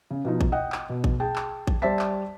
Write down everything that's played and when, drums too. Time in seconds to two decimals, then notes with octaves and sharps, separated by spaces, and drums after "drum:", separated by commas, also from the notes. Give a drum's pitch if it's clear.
0.11 C#3
0.25 B2 F3 D#4
0.41 drum: kick A1
0.52 D#5 F#5 G5
0.72 drum: clap
0.89 B2
1.04 drum: kick A1
1.20 G#4 G5 A5
1.36 drum: clap
1.67 drum: kick A1
1.82 G3 C5 D5 E5 A5 B6
1.99 drum: clap